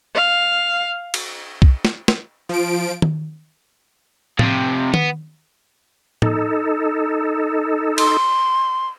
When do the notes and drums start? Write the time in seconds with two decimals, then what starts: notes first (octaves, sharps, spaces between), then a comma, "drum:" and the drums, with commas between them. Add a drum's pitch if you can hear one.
0.15 F5
1.14 drum: cymbal
1.62 drum: kick B1
1.85 drum: snare
2.08 drum: snare
2.49 F3 D7
3.02 drum: tom D#3
4.39 F2 C3, drum: tom A2
4.94 B3, drum: tom D#3
6.22 D#4 A4, drum: tom A2
7.98 C6, drum: cymbal